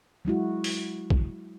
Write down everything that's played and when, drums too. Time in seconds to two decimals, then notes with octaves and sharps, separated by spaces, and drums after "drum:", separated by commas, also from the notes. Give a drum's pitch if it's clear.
0.25 F#3 G#3 E4 F#4
0.64 drum: open hi-hat
1.10 drum: kick